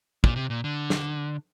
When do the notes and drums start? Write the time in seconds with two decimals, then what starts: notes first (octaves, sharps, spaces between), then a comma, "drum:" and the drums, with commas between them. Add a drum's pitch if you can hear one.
0.24 A#2, drum: kick
0.36 C3
0.50 A#2
0.64 D3
0.90 drum: snare